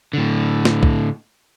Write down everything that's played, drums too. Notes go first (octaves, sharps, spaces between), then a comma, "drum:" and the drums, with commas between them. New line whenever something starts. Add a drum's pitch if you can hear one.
A2 D3
drum: snare
drum: kick